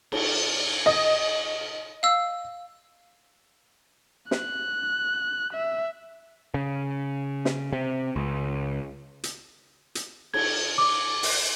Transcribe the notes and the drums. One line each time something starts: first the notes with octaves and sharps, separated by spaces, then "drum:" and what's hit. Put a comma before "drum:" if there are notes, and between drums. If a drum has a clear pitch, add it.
drum: cymbal
D#5
F5 E6
F#6, drum: snare
E5
C#3
drum: snare
C3
C#2
drum: hi-hat
drum: hi-hat
G#6, drum: cymbal
D6
drum: open hi-hat